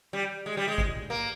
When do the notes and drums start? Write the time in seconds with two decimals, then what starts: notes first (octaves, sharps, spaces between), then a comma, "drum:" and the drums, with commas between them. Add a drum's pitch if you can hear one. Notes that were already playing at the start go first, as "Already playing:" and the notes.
0.13 G3
0.46 G#3
0.57 G3
0.68 G#3
0.78 drum: kick
1.10 A#3